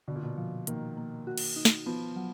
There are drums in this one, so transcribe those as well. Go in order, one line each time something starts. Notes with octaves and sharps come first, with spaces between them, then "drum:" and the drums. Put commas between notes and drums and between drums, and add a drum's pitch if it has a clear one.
B2 D3
A#2
B2
F3
D#3 A#3, drum: hi-hat
A#3
F#4
drum: cymbal
D#4
drum: snare
F3 B3
F#3